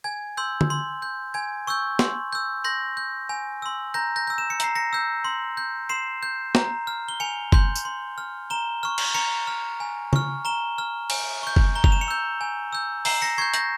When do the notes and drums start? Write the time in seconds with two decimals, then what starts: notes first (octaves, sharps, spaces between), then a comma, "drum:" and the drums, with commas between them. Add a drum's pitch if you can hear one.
0.04 G#5 G#6
0.37 C6 E6 G6
0.61 drum: tom D3
0.70 C6
1.02 G6
1.34 G#5 G#6
1.67 C#6 E6 G6
1.99 C6, drum: snare
2.33 E6 G6
2.64 C6 G6 A#6
2.97 G6
3.29 G#5
3.62 C6 E6
3.94 A#5 G6 A#6
4.16 G6 A#6
4.27 E6 G6
4.38 E7
4.50 C#7
4.60 A#5 C7, drum: hi-hat
4.75 A#6 C#7
4.93 E6 G6
5.24 C6
5.57 G6
5.89 C6 C7 E7
6.23 G6
6.55 A#5, drum: snare
6.87 F6
7.08 G7
7.20 G#5 C#7 F7
7.52 C6 G6, drum: kick F#1
7.75 drum: tambourine
7.85 C6
8.18 F6
8.50 A#5 E7 G7
8.83 C#6 F6
8.98 drum: cymbal
9.15 A#5 C#7 F7
9.47 F6
9.80 G#5
10.13 C#6 F6, drum: tom
10.45 A#5 E7 G7
10.78 F6
11.10 G#5, drum: cymbal
11.43 C#6 G6
11.56 drum: kick F#1
11.75 A#5 G7
11.84 F7, drum: kick F#1
11.92 E7
12.01 C#7 F7
12.08 E6 G6
12.41 G#5
12.72 E6 G6
13.05 A#5 C7 E7, drum: open hi-hat
13.22 A#6 C#7
13.38 C#6 G6 G#6 C7
13.54 G6 A#6, drum: hi-hat